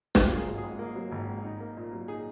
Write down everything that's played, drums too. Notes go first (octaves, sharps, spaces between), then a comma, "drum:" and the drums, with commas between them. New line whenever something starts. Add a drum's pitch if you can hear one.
A#3 F4, drum: snare
F#3
G#4
G#1
G#4
G#2
A#3
F#3
G#1
G#2
D#4
A#3
A#2
F#3
D#4 G#4